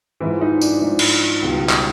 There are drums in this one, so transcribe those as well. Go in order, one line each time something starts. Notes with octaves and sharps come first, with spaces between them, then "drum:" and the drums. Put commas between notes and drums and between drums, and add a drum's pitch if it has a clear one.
G#2 E3 F3 E4
D#4
D4, drum: tambourine
G#2 F3 D#4
drum: cymbal
C#2 B2 G3
drum: clap